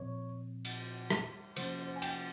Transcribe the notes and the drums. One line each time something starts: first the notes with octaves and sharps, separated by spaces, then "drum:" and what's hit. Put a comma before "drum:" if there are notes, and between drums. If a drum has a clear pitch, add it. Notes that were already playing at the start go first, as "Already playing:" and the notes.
Already playing: A#2 F3 C4 C#5
drum: cymbal
drum: rim click
C3 F3 A#3 C#4 C5, drum: cymbal
C5
G#5
G5, drum: cymbal